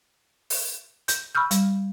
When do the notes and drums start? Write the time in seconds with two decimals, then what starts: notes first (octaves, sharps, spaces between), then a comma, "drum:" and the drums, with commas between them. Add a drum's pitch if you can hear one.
0.50 drum: open hi-hat
1.08 G6, drum: hi-hat
1.35 B5 C#6 E6 F6 G6
1.51 G3, drum: hi-hat